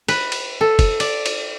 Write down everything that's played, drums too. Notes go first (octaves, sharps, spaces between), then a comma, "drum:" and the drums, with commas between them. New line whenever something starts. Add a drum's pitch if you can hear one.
B4, drum: cymbal
drum: cymbal
A4
drum: kick, cymbal
D5, drum: cymbal
drum: cymbal